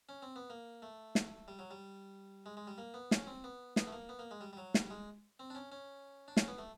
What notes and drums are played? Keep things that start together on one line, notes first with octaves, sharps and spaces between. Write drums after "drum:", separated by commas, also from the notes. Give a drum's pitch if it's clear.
C#4
C4
B3
A#3
A3
drum: snare
G3
F#3
G3
G#3
G#3
G3
A#3
B3
C#4, drum: snare
C4
B3
B3, drum: snare
A3
A#3
B3
A#3
G#3
G3
G3
F#3
G3, drum: snare
G#3
C4
D4
C#4
C#4
D4
C#4, drum: snare
B3
A3